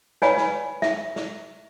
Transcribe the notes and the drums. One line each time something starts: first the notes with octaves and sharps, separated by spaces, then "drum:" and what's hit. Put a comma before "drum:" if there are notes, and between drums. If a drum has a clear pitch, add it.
B4 C#5 D5 F5 G#5 B5, drum: snare
drum: snare
E5, drum: snare
drum: snare